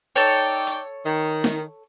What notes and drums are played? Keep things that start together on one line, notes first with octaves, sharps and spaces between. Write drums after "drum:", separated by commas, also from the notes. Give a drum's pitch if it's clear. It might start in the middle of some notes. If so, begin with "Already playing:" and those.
D#4 A4 C#5 D5 G5
drum: hi-hat
D#3
drum: snare